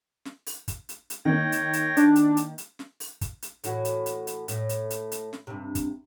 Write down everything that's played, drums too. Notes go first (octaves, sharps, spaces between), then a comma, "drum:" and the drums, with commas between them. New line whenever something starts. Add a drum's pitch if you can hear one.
drum: snare
drum: open hi-hat
drum: kick, hi-hat
drum: hi-hat
drum: hi-hat
D#3 A#3 C#5 G5 A#6
drum: hi-hat
drum: hi-hat
D4, drum: hi-hat
drum: hi-hat
drum: hi-hat
drum: hi-hat
drum: snare
drum: open hi-hat
drum: kick, hi-hat
drum: hi-hat
A2 E3 F#4, drum: hi-hat
drum: hi-hat
drum: hi-hat
drum: hi-hat
A2 E5, drum: hi-hat
drum: hi-hat
drum: hi-hat
drum: hi-hat
drum: snare
G2 C3
drum: kick, hi-hat